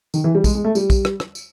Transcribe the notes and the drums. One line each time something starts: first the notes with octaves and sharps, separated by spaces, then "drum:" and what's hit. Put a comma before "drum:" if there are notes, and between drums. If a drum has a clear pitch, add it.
D#3, drum: tambourine
E3
G3
G#3, drum: kick, tambourine
G#3
A3
G3, drum: tambourine
drum: kick, tambourine
drum: rim click
drum: rim click
drum: tambourine